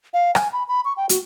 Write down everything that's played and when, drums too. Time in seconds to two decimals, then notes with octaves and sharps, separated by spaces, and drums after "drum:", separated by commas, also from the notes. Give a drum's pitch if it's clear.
0.14 F5
0.35 G#5, drum: rim click
0.53 B5
0.68 B5
0.85 C#6
0.97 G5
1.09 F#4, drum: hi-hat